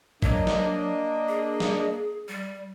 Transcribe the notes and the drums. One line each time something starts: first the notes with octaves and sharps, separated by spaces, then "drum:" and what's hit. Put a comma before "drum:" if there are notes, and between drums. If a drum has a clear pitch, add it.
F#3 A#3 D4 D#5, drum: kick A1
drum: snare
G#4
drum: snare
G3